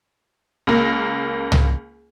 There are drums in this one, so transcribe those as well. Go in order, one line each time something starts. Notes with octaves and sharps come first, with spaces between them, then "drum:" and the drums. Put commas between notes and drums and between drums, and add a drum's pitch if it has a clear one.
C#2 A#3
drum: tom